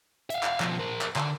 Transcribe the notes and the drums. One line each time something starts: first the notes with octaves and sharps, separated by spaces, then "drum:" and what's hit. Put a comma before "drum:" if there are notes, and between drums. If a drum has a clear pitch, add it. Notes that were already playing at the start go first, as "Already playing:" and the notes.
E5 F5, drum: hi-hat
drum: clap
B2 F3, drum: clap
A#4 C5
drum: clap
D3, drum: clap